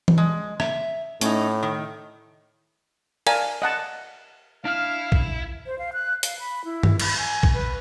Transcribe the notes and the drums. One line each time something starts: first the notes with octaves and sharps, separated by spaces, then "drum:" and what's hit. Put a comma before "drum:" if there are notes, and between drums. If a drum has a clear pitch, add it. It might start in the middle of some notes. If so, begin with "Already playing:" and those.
drum: tom E3
G#3
E5, drum: rim click
A2 A3 C#4 D#4, drum: hi-hat
D#3
A#4 D5 F5 G#5 A5, drum: cymbal
D#5 F#5 A5
D4 E4 F5 F6
drum: kick A#1
C5
F5
F#6
F5, drum: hi-hat
B5
E4
drum: tom G2
B5, drum: cymbal
G#5
drum: kick A#1
B4